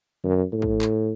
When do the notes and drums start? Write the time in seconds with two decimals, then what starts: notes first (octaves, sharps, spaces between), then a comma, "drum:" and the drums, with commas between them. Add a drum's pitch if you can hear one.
0.24 F#2, drum: tom D3
0.53 A2
0.62 drum: kick
0.81 drum: clap